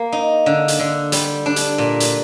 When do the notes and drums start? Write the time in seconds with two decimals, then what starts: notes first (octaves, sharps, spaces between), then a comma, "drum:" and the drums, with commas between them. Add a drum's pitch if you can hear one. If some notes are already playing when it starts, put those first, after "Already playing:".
Already playing: A#3
0.12 D#4
0.46 D3
0.68 drum: hi-hat
0.79 D3
1.12 G3, drum: hi-hat
1.46 D4
1.56 drum: hi-hat
1.78 A#2
2.00 drum: hi-hat